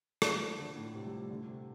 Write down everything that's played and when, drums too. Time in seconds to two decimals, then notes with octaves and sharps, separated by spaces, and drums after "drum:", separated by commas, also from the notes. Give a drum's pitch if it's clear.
0.22 D3, drum: rim click
0.39 F3
0.58 D3
0.76 A2
0.94 C3
1.06 G3
1.13 F3
1.30 D3
1.48 C3